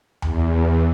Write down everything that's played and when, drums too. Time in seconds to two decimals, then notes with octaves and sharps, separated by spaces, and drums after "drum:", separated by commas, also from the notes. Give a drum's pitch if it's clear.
0.22 E2, drum: tom D2